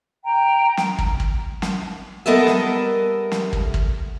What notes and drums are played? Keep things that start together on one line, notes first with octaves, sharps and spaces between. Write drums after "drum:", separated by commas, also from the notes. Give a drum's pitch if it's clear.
G5 A#5
drum: snare
drum: kick
drum: kick
drum: snare
G3 B3 A4 A#4 D#5 E5
drum: snare
drum: snare
drum: kick
drum: kick